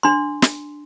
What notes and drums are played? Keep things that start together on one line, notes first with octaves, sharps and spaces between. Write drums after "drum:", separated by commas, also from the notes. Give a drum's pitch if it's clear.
D4 C6
drum: snare